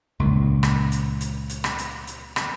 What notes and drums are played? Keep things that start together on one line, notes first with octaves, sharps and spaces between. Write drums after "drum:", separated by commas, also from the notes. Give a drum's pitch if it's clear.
C#2 A#2
drum: rim click
drum: hi-hat
drum: hi-hat
drum: hi-hat
drum: rim click
drum: hi-hat
drum: hi-hat
drum: rim click